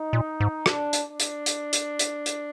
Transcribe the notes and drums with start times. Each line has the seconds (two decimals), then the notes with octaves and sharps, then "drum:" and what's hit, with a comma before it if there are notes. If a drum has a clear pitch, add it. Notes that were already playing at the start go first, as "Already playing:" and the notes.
Already playing: D#4
0.13 A#2
0.40 G#2
0.66 D4, drum: rim click
0.93 drum: hi-hat
1.06 D4
1.20 drum: hi-hat
1.46 drum: hi-hat
1.73 drum: hi-hat
1.99 drum: hi-hat
2.26 drum: hi-hat